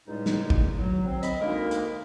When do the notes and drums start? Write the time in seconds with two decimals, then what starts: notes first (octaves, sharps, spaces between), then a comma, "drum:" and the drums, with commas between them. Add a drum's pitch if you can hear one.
0.07 C#2 A2 G3 G#3 D#4
0.26 drum: snare
0.50 drum: kick
0.78 F#3
1.06 C4
1.23 D#5 B5, drum: hi-hat
1.41 D2 G#3 A#3 D#4 A#4
1.71 drum: hi-hat